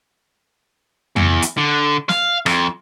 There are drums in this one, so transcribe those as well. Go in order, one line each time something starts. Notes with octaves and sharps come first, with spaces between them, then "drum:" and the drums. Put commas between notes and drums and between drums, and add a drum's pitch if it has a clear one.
E2, drum: tom F2
drum: hi-hat
D3
F5, drum: snare
F2, drum: rim click